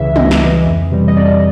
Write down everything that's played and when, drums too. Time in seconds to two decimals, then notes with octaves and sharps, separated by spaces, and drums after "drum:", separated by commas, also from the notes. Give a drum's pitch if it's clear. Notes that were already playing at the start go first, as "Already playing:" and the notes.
Already playing: C#2 C#3 E3 E5
0.16 C#2 D#5, drum: tom
0.31 drum: snare
0.41 C#3 E3
0.66 F2
0.92 C3 E3 G3
1.08 D#5
1.17 F2 D5